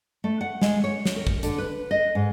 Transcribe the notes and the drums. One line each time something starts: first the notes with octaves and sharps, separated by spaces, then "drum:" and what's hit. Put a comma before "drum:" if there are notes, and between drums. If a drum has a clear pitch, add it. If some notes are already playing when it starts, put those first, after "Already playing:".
A3
F#5
G#3, drum: snare
C#5
drum: snare
A#4
drum: kick
D3, drum: hi-hat
B4
D#5
G#2